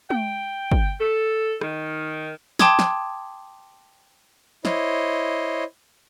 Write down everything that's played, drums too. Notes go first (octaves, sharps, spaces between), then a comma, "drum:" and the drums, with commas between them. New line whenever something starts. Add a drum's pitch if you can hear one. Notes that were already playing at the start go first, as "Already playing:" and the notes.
G5, drum: tom G#3
drum: kick
A4
D#3, drum: rim click
G5 A5 C6 D6 D#6 G#6, drum: snare
drum: snare
E4 C5 C#5 D#5, drum: snare